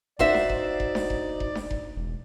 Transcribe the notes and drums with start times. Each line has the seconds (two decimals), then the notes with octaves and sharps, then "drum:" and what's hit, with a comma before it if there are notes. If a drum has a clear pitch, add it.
0.19 D#4 F#4 C5 D5 E5, drum: kick F1
0.34 drum: snare D4
0.50 drum: kick F1
0.80 drum: kick F1
0.95 drum: snare D4
1.10 drum: kick F1
1.40 drum: kick F1
1.55 drum: snare D4
1.70 drum: kick F1
1.96 E1